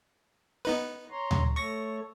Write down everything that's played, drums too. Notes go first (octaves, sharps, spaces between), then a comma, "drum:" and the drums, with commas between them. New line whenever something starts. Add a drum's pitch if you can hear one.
B3 D#4 B4
C#5 A#5 C6
drum: tom D2
A3 A4 C#5 C#6 A#6